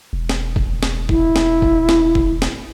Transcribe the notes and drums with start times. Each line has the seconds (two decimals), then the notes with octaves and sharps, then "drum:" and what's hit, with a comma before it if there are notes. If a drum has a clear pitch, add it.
0.13 E1
0.29 drum: snare
0.56 drum: kick G1
0.83 drum: snare
1.09 E4, drum: kick G1
1.36 drum: snare
1.62 drum: kick G1
1.89 drum: snare
2.15 drum: kick G1
2.42 drum: snare